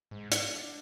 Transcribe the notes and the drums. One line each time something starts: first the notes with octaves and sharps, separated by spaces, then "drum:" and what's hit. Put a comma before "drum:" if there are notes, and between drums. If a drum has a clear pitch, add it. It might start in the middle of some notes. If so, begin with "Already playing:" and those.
G#2 G#3
drum: hi-hat
D4